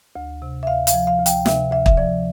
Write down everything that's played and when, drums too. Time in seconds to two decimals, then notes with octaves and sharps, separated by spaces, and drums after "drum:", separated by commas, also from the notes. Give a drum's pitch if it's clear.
0.16 D2
0.42 C3
0.63 E5
0.67 D2 F5
0.87 F5, drum: hi-hat
0.93 F3
1.07 F5
1.20 D2
1.26 G5, drum: hi-hat
1.46 C3 E5, drum: snare
1.71 D2 E5
1.86 E5, drum: kick
1.97 F3 D5